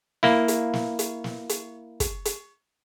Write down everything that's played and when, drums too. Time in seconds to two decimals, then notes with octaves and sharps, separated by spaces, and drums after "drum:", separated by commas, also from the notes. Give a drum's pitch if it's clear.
0.23 A#3 E4, drum: snare
0.48 drum: hi-hat
0.73 drum: snare
0.99 drum: hi-hat
1.24 drum: snare
1.49 drum: hi-hat
2.00 drum: kick, hi-hat
2.25 drum: hi-hat